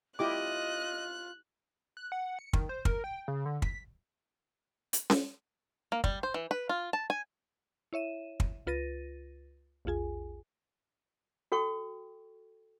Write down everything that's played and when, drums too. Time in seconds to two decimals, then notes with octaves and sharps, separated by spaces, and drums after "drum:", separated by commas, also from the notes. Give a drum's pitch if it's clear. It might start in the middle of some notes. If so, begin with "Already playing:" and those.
0.19 E4 F4 G4 D#5 D6 F#6
1.97 F#6
2.12 F#5
2.39 C#7
2.53 D#3, drum: kick
2.69 C5
2.85 A#4, drum: kick
3.04 G5
3.28 C#3
3.46 D3
3.62 B6, drum: kick
4.93 drum: hi-hat
5.10 drum: snare C#4
5.92 A#3
6.04 G3, drum: kick
6.23 C5
6.34 E3
6.51 B4
6.69 F4
6.93 A5
7.10 G#5
7.93 E4 C#5 E5 D#7 E7
8.40 drum: kick
8.67 C#2 F4 B4 A6 A#6 D#7
9.85 A#1 E2 F4 G#4 G#5
11.52 F#4 A4 G5 C#6